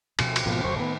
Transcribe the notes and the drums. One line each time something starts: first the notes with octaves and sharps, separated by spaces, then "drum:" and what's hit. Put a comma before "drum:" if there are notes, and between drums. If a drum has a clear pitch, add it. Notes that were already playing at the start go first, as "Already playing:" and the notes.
D2 B2 F3, drum: cymbal
drum: cymbal
A1 G#2 B2 F3 A#3
D1 F#2 C#3 C5 C#6
A2 D#3 B3